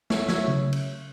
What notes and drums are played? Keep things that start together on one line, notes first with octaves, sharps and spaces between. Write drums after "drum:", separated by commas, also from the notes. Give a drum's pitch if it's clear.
A3 C#5 E5, drum: snare
F#3 C#5 E5, drum: snare
C#3
drum: cymbal